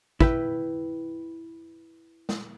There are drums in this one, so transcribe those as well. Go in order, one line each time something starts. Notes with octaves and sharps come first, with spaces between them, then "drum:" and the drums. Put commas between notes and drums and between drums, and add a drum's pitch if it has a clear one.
E4 B4 G5, drum: kick
drum: snare G#3